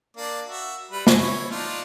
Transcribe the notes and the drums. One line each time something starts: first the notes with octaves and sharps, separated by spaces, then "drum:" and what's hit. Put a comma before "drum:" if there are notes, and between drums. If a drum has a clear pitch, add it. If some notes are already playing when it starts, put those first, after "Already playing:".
A#3 D4 D5
F#4 E5
G3 B4
G#5, drum: snare
E4 C#5
D4 D#4 F4